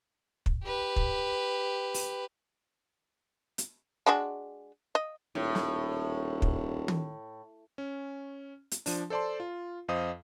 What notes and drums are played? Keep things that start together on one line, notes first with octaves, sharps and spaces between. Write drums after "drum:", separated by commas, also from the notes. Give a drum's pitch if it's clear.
drum: kick
G4 B4
drum: kick
drum: open hi-hat
drum: hi-hat
G#3 D4 F#4
D#5
D#1 A2
drum: snare
drum: kick
drum: tom
C#4
drum: hi-hat
F3 D4, drum: open hi-hat
A4 C5 D5 A5 C6
F4
F2 C5 D#5 F5 D#6